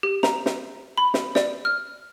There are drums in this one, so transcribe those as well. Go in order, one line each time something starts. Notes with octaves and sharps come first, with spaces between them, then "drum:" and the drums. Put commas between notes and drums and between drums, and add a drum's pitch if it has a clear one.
G4
A#5, drum: snare
drum: snare
B5
drum: snare
D5, drum: snare
F6